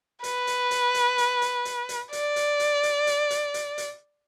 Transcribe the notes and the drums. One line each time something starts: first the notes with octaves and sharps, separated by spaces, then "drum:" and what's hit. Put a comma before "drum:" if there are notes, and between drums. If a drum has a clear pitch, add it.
B4, drum: hi-hat
drum: hi-hat
drum: hi-hat
drum: hi-hat
drum: hi-hat
drum: hi-hat
drum: hi-hat
drum: hi-hat
D5, drum: hi-hat
drum: hi-hat
drum: hi-hat
drum: hi-hat
drum: hi-hat
drum: hi-hat
drum: hi-hat
drum: hi-hat